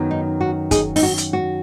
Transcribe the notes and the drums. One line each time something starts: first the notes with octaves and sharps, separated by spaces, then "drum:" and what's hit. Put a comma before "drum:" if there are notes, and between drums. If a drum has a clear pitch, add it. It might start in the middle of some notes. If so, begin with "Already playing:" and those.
Already playing: F#2 D#3 F#3 B3
D#4
F#4
D#4 G#4, drum: kick, hi-hat
D#4, drum: open hi-hat
F#4
drum: hi-hat
F#4